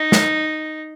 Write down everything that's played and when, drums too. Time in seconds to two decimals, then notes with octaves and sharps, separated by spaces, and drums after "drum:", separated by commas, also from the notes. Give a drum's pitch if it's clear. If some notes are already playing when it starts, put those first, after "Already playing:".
Already playing: D#4
0.12 drum: snare